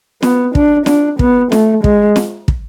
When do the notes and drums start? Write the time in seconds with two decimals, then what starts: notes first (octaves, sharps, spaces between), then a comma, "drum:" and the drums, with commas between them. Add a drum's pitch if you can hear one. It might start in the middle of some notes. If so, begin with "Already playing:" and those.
0.22 B3, drum: snare
0.55 D4, drum: kick
0.86 D4, drum: snare
1.19 B3, drum: kick
1.52 A3, drum: snare
1.84 G#3, drum: kick
2.16 drum: snare
2.48 drum: kick